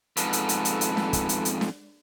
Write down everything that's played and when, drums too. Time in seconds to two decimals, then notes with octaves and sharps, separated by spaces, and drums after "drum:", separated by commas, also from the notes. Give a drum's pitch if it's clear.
0.17 F2 G#2 A4 B4, drum: hi-hat
0.33 drum: hi-hat
0.49 drum: hi-hat
0.65 drum: hi-hat
0.81 drum: hi-hat
0.97 drum: snare
1.13 drum: kick, hi-hat
1.29 drum: hi-hat
1.45 drum: hi-hat
1.61 drum: snare